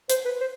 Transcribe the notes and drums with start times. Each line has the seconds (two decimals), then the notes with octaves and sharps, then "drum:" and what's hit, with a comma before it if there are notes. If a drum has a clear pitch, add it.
0.10 C5, drum: hi-hat
0.25 B4
0.41 C5